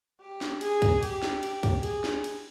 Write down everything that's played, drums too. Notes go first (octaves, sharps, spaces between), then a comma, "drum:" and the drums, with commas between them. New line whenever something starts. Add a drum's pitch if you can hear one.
G4
drum: snare
G#4, drum: cymbal
drum: kick, cymbal
G4, drum: cymbal
drum: snare
drum: cymbal
drum: kick, cymbal
G#4, drum: cymbal
drum: snare
drum: cymbal